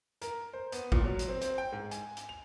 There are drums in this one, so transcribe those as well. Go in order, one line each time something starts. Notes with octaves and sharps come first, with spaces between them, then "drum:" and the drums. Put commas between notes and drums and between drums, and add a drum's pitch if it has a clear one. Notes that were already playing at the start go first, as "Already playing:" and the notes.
A#4, drum: hi-hat
C5
B3, drum: hi-hat
A#2, drum: kick G1
F#3
drum: hi-hat
C4
C4, drum: hi-hat
G5
G#2
G#5, drum: hi-hat
drum: hi-hat
F7